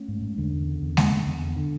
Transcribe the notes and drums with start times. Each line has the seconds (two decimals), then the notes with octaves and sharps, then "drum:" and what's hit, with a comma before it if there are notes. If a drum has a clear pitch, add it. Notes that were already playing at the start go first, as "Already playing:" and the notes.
Already playing: A3 C#4
0.08 G#2
0.22 G#2
0.37 E2 D3
0.53 E2
0.68 C#3
0.82 E2
0.97 C#3, drum: snare G#3
1.12 E2
1.26 E2
1.42 C#3
1.56 D3